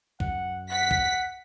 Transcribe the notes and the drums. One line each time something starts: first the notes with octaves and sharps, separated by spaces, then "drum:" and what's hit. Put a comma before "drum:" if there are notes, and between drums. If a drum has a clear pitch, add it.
F#2 F#5, drum: kick A#1
F#5 B6
drum: kick A#1